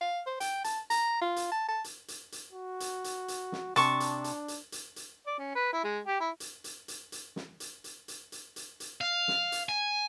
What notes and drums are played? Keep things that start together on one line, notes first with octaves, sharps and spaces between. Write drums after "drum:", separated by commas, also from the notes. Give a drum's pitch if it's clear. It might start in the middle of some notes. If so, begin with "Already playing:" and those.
F5
C5
G5, drum: hi-hat
A5, drum: hi-hat
A#5, drum: hi-hat
F4
drum: hi-hat
A5
A5
drum: hi-hat
drum: hi-hat
drum: hi-hat
F#4
drum: hi-hat
drum: hi-hat
drum: hi-hat
drum: snare
C3 D4 A5 C#6, drum: hi-hat
drum: hi-hat
drum: hi-hat
drum: hi-hat
drum: hi-hat
drum: hi-hat
D5
C#4
B4
E4
G#3
G4
E4
drum: hi-hat
drum: hi-hat
drum: hi-hat
drum: hi-hat
drum: snare
drum: hi-hat
drum: hi-hat
drum: hi-hat
drum: hi-hat
drum: hi-hat
drum: hi-hat
F5
drum: snare
drum: hi-hat
G#5